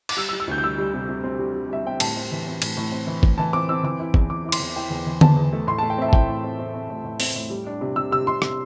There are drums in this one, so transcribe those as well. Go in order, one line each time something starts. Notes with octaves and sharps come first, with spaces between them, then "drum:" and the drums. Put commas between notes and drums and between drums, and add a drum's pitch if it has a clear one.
D6, drum: cymbal
G3 E6
E6
G3
E6
D2 G6
G6
G3 E6
G3
C3
C3
C4
G3
G3
G3 E5
C4 G5
A2 A5, drum: cymbal
C4
E3
C4
A2, drum: cymbal
A2
C4
E3
A2, drum: kick
E3 A5
C4 D6
C4 E6
E3 D6
E4
E2, drum: kick
E2 D6
E4 D6
C6, drum: cymbal
E2
E4 G5
E2
E3
E3 A5, drum: tom D3
E2
A3
A2 C6
A3 A5
G5
C4 E5
A5
A2 G5, drum: kick
A2
C4
C4
C4
A2
A2
C4, drum: open hi-hat
A2
G3
D4
C3
C3 E6
C3 E6
C3 C6
C3, drum: rim click